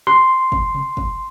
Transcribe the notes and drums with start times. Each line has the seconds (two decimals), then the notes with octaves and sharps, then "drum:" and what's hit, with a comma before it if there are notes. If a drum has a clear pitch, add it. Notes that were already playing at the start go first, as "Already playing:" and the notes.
0.07 C6, drum: rim click
0.52 drum: kick
0.75 drum: tom C3
0.97 drum: kick